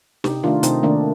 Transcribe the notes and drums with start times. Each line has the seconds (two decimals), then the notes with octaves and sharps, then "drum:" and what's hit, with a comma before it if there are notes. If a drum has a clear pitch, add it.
0.24 C3 D#4 G4, drum: snare
0.43 D#3 A3 D4 F4
0.63 C3 C4 D#4, drum: hi-hat
0.83 D#3 A3 A#3 D4